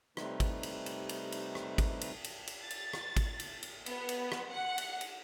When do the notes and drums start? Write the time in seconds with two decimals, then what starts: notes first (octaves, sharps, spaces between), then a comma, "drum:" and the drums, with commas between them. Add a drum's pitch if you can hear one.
0.17 C3 G3 A3 D#4 B4, drum: rim click
0.40 drum: kick G#1, cymbal
0.63 drum: cymbal
0.86 drum: cymbal
1.09 drum: cymbal
1.32 drum: cymbal
1.55 drum: rim click
1.78 drum: kick G#1, cymbal
2.01 drum: cymbal
2.24 drum: cymbal
2.47 drum: cymbal
2.60 A6
2.70 drum: cymbal
2.93 drum: rim click
3.17 drum: kick G#1, cymbal
3.40 drum: cymbal
3.63 drum: cymbal
3.86 B3, drum: cymbal
4.09 drum: cymbal
4.32 drum: rim click
4.51 F#5
4.78 drum: cymbal
5.01 drum: cymbal